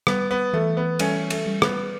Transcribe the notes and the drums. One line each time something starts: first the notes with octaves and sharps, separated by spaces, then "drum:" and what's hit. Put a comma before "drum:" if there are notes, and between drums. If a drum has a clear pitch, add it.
G3 B3, drum: rim click
B3
E3 A3
B3
G3 A3 C#4, drum: cymbal
A3, drum: cymbal
G3
B3, drum: rim click